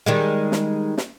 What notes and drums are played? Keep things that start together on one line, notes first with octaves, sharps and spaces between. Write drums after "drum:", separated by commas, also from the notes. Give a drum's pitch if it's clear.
D#3 G3 G#3
drum: snare
drum: snare